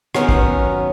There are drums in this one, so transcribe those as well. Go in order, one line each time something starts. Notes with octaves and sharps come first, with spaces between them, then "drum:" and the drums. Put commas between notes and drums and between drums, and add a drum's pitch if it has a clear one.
D#3 F#3 B3 C#4 A#4, drum: rim click
drum: kick